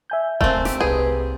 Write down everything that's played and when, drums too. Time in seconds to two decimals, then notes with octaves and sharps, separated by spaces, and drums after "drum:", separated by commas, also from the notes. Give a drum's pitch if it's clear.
0.10 E5 G#5 G6
0.41 A3 A#3 C4, drum: kick D#1
0.65 G4, drum: snare
0.81 C2 G#4 B4